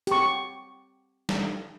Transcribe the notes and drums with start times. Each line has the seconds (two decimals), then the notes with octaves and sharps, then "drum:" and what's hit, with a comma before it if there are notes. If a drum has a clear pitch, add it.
0.07 G4 C#6, drum: hi-hat
1.29 drum: snare